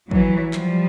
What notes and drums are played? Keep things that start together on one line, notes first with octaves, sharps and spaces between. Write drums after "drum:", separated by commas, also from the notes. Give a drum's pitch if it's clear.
E3 F#3, drum: kick
F3 G3, drum: clap